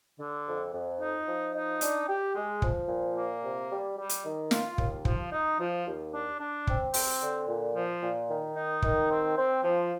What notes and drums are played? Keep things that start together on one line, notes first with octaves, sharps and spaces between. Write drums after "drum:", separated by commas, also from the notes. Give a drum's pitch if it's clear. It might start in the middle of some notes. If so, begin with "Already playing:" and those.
D3
F2
F2
D#4
F3
D#4
D4, drum: hi-hat
G4
G#3
F3, drum: kick
A#2
A#3
C3
G3
G3
drum: hi-hat
D#3
F4, drum: snare
D#2, drum: kick
F3, drum: kick
D#4
F3
D#2
D4
D4
C4, drum: kick
C4, drum: open hi-hat
D3
A#2
F3
A#2
D#3
D#4
D#3, drum: kick
C4
C4
F3